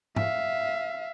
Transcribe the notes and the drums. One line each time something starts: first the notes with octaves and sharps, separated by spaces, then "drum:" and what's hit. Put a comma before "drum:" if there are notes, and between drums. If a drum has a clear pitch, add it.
E5 F5, drum: tom G#2